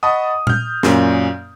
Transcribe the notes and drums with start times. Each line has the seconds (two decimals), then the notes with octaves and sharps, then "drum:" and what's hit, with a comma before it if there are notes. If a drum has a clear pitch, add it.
0.03 D#5 F#5 A5 B5 C#6 D#6
0.47 F6 G6, drum: tom A#2
0.83 F#2 A#2 C#4, drum: snare